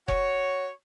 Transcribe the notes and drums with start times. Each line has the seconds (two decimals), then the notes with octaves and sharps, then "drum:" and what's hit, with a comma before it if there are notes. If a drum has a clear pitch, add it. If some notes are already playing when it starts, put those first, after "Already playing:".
0.08 F#4 C#5, drum: kick F1